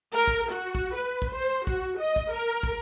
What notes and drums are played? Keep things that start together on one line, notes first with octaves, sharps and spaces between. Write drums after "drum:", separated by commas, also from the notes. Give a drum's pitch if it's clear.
A#4
drum: kick
F#4
drum: kick
B4
drum: kick
C5
F#4, drum: kick
D#5
drum: kick
A#4
drum: kick